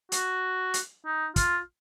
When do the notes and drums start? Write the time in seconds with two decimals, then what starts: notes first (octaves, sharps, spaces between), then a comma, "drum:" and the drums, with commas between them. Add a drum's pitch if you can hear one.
0.12 F#4, drum: hi-hat
0.74 drum: hi-hat
1.05 D#4
1.36 F4, drum: kick, hi-hat